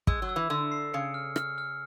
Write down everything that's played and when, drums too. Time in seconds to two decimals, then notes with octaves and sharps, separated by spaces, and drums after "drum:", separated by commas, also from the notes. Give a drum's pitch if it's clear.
0.07 G#3 E6, drum: kick
0.22 F#3
0.29 E6
0.36 E3
0.50 D3 E6
0.72 C7
0.94 C#3 C#7
1.14 F6
1.36 F6, drum: rim click
1.58 F6